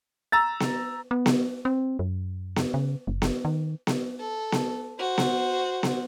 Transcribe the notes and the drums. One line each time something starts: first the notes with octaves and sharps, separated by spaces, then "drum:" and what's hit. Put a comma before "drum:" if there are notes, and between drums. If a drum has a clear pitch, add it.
A#5 E6 A6
drum: snare B3
B3
drum: snare B3
C4
F#2
drum: snare B3
C#3
F#1
drum: snare B3
D#3
drum: snare B3
A4
drum: snare B3
F#4 C5
drum: snare B3
drum: snare B3